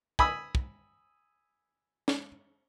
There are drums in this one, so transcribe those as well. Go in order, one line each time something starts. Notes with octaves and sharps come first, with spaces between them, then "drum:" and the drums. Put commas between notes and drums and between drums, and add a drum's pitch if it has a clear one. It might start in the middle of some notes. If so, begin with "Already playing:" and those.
G#5 B5 D#6 E6, drum: kick
drum: kick
drum: snare